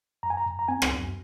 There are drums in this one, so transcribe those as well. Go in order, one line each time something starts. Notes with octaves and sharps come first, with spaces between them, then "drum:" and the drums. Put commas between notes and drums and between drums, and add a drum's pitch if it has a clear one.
F#2 A#5
G#5
A#5
F#2
A#5
C4 G#5
drum: rim click
F#2